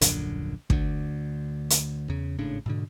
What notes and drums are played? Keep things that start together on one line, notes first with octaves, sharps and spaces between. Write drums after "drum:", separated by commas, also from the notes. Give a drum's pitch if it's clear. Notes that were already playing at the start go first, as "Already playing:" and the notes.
D#1 A#1 F#2 D3, drum: hi-hat
D2 D3, drum: kick
drum: hi-hat
E2 C#3
G#1 A2 C#3 D4
G#2 B2 D3